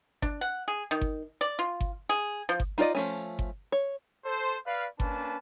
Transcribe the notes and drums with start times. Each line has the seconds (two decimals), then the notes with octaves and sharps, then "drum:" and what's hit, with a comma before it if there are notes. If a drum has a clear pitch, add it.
0.22 D4, drum: kick G1
0.41 F#5
0.68 G#4
0.91 D#3
1.01 drum: kick G1
1.41 D5
1.59 F4
1.80 drum: kick G1
2.09 G#4
2.49 F3
2.60 drum: kick G1
2.78 D#4 F4 A4 D5 D#5
2.95 F3 A3 C#4
3.39 drum: kick G1
3.72 C#5
4.25 A4 C5
4.66 B4 D5 F5
5.00 A#3 C#4 D4 B4 A5, drum: kick G1